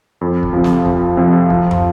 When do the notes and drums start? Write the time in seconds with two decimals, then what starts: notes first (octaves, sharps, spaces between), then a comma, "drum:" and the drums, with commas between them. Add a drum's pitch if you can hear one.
0.21 F2
0.43 drum: kick
0.53 C3 F3
0.64 drum: snare
0.86 F2, drum: kick
1.17 C3 F3
1.50 F3, drum: kick
1.71 drum: tom